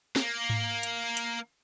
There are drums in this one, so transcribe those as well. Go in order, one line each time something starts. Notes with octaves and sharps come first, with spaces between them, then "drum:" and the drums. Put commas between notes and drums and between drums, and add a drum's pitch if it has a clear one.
A#3, drum: snare
drum: tom G#2
drum: hi-hat
drum: hi-hat